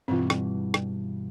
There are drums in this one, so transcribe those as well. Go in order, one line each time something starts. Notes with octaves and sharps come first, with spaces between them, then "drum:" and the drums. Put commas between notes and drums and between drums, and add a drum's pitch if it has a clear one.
G2 B2 E3 C4 F4
drum: rim click
drum: rim click